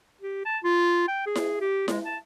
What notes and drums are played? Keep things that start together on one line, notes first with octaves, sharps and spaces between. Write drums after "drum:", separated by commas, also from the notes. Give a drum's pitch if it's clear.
G4
A5
F4
G5
G#4
drum: snare E4
G4
G#3, drum: snare E4
A5